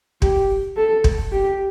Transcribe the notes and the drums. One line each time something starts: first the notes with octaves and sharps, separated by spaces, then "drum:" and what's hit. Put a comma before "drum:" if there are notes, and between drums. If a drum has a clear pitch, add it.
G4, drum: kick
A4
drum: kick
G4